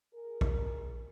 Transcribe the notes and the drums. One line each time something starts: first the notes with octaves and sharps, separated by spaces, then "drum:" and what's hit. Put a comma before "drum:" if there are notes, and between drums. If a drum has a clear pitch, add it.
G#4 A#4
drum: kick